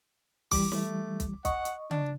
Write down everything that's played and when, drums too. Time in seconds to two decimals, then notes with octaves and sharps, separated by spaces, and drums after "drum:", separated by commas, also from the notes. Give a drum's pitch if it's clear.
0.52 E3 G3 D6, drum: kick, open hi-hat
0.72 A3, drum: snare
1.20 drum: kick, hi-hat
1.45 D#5 F#5 C#6, drum: kick, hi-hat
1.65 drum: hi-hat
1.91 D4, drum: tom C#3